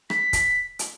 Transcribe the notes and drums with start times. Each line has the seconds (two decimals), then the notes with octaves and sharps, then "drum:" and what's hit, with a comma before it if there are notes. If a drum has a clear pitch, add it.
0.10 B6, drum: rim click
0.33 drum: kick, hi-hat
0.79 drum: hi-hat